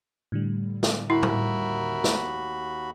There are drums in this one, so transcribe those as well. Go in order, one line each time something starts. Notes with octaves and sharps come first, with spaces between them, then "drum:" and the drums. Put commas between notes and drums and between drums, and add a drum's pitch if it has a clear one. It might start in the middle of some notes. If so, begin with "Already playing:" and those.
A2 D3 G3
drum: snare
D#2 E4 F#4 A#4 E5 B5
drum: tom
drum: snare